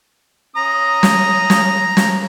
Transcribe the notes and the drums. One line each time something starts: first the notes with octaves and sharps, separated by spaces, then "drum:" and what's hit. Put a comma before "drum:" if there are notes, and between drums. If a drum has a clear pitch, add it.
C#4 A#5 D#6
drum: snare
drum: snare
drum: snare